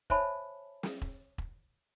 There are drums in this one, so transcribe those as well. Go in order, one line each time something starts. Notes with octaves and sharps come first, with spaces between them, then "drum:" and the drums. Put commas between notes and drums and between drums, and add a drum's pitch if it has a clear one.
C5 C#5 E5 G#5 A5 B5, drum: kick E1
drum: snare
drum: kick E1
drum: kick E1